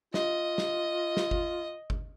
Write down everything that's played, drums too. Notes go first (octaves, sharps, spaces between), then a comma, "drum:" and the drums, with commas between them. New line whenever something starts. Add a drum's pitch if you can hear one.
F4 D#5, drum: snare
drum: snare
drum: snare
drum: kick G1
drum: kick G1